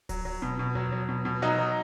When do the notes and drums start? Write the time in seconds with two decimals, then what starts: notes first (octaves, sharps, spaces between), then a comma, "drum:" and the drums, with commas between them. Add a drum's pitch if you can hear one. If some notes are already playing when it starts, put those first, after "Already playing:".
0.09 F#3, drum: kick D1, open hi-hat
0.25 F#3
0.42 B2
0.59 B2
0.75 F#3, drum: tom D#2
0.92 F#3
1.09 B2
1.25 B2
1.42 F#3 D#4 F#4
1.59 F#3